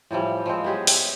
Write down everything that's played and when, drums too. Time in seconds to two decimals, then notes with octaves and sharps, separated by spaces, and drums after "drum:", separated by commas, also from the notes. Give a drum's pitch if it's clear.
0.11 A2 E3 F3 G3
0.46 F3 G#3 C4
0.64 B3 C#4 G4 G#4
0.87 E5 G5, drum: open hi-hat